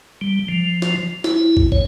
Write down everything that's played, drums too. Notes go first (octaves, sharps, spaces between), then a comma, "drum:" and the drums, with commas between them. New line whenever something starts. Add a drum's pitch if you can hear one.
G3
F3
drum: snare
E4, drum: snare
drum: kick
C#5, drum: kick